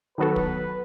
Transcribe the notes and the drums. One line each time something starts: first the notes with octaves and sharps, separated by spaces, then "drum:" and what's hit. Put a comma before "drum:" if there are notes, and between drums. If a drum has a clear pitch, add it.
D#3 F#3 B3 F#4 A4 B4
drum: kick